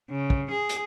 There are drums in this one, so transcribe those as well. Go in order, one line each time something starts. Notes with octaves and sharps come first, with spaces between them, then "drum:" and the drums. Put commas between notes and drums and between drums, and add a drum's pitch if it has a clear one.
C#3
drum: kick
G#4
drum: hi-hat